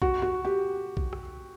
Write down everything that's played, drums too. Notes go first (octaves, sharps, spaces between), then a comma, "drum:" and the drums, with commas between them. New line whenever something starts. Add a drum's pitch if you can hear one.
F#4, drum: kick
F#4
G4
drum: kick
drum: rim click